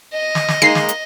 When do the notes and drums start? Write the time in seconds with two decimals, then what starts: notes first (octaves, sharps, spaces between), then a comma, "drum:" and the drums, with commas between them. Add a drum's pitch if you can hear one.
0.14 D#5
0.35 drum: snare
0.48 drum: snare
0.62 G#3 A#3 D#4 C7
0.75 drum: snare
0.89 drum: hi-hat